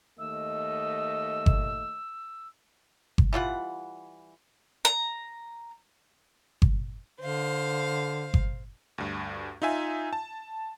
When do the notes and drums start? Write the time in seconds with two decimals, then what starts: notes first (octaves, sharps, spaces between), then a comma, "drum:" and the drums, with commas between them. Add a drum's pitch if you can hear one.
0.19 D#2 A3 D#5 E6
1.46 drum: kick G1
3.18 drum: kick G1
3.33 E3 G3 F4 F#5
4.85 A#5
6.62 drum: kick G1
7.21 D3 C5 F5
8.34 drum: kick G1
8.98 D2 G2
9.62 D#4 F4 E5 G#5
10.13 A5